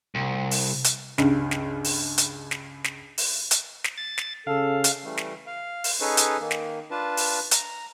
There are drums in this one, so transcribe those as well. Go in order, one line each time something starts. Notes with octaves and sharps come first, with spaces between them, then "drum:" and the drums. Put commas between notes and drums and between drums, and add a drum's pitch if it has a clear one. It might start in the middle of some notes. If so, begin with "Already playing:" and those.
C2
drum: open hi-hat
drum: hi-hat
C#2 G2, drum: snare
drum: snare
drum: open hi-hat
drum: hi-hat
drum: snare
drum: snare
drum: open hi-hat
drum: hi-hat
drum: snare
A6
drum: snare
C#3 A4 F5
drum: hi-hat
E3 G3 A3
drum: snare
F5
drum: open hi-hat
C#4 D#4 G#4 A4 B4 C#5
drum: hi-hat
D#3 A#3
drum: snare
D4 F4 B4 A5
drum: open hi-hat
A#5, drum: hi-hat